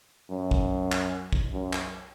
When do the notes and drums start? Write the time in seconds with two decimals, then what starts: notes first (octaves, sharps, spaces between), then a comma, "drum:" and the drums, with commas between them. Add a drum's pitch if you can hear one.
0.30 F#2
0.51 drum: kick
0.92 drum: clap
1.33 drum: kick
1.53 F#2
1.73 drum: clap